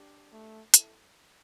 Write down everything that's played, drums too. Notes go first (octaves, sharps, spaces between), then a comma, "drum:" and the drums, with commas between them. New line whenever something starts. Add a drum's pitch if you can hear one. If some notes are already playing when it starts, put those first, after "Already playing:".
Already playing: D4 G4
A3
E4 A4, drum: hi-hat